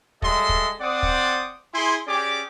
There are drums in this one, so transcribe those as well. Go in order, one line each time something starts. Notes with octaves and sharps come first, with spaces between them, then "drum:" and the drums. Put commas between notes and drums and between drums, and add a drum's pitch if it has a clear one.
G3 G#3 A4 D#5 E5 C6, drum: kick
drum: kick
C4 C5 D5 F#5 D6 D#6
drum: kick
E4 G#4 G#5 C6
C#4 G4 G#4 D5 D6